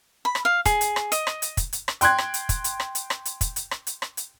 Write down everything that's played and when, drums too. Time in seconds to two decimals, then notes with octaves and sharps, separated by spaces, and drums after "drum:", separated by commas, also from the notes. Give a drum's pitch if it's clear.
0.25 B5
0.35 drum: rim click
0.45 F5
0.65 G#4, drum: kick, hi-hat
0.81 drum: hi-hat
0.96 drum: rim click
1.12 D#5, drum: hi-hat
1.27 drum: rim click
1.42 drum: hi-hat
1.57 drum: kick, hi-hat
1.73 drum: hi-hat
1.88 drum: rim click
2.01 G5 C6 F#6 G#6, drum: hi-hat
2.18 drum: rim click
2.34 drum: hi-hat
2.49 drum: kick, hi-hat
2.64 drum: hi-hat
2.80 drum: rim click
2.95 drum: hi-hat
3.10 drum: rim click
3.25 drum: hi-hat
3.41 drum: kick, hi-hat
3.56 drum: hi-hat
3.71 drum: rim click
3.87 drum: hi-hat
4.02 drum: rim click
4.17 drum: hi-hat